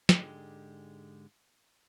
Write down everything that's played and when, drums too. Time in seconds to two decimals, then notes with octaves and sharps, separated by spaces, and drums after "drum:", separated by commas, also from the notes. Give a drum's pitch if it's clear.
0.09 G#2 D3 G#3 G4, drum: snare